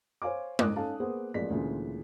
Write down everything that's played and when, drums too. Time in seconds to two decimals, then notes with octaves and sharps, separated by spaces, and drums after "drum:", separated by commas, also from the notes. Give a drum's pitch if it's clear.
0.22 C5 C#5 F5 G#5 D6
0.59 F#1 G#2 D6 D#6 F#6, drum: tom G#3
0.76 C#4 D#4 A4 F5 A5
1.00 A#3 B3 G#4 B4 C5 F#5
1.34 A1 F3 G#3 A#3 D5 B6
1.50 D2 A#2 C#3 E3 G#3 C#4